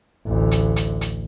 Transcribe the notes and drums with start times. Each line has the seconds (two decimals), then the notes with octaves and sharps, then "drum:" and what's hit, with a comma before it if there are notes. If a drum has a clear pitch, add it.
0.26 A1 D2
0.51 drum: hi-hat
0.76 drum: hi-hat
1.01 drum: hi-hat